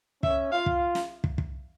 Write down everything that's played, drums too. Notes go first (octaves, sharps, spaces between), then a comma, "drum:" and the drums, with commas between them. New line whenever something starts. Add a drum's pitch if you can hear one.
C#4 E5, drum: kick
F4 F5
drum: kick
drum: snare
drum: kick
drum: kick